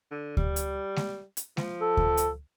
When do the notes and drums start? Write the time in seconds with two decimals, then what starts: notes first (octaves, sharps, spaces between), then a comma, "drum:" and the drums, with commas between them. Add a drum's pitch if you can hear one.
0.11 D3
0.37 G3, drum: kick D2
0.56 drum: hi-hat
0.96 drum: snare G#3
1.37 drum: hi-hat
1.57 F3, drum: snare G#3
1.82 A4
1.97 drum: kick D2
2.17 drum: hi-hat